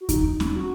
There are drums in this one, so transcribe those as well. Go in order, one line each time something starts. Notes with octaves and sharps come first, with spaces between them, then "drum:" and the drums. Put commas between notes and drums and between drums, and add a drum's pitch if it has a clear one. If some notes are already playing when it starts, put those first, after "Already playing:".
F#4
D#4, drum: kick D#2, hi-hat
drum: snare C#4
F#4